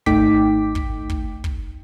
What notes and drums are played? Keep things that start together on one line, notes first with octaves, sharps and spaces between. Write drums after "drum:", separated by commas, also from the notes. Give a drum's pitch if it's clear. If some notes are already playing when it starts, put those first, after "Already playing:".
G#1 A3 D#4 G5 D6 B6, drum: kick
drum: kick
drum: kick
drum: kick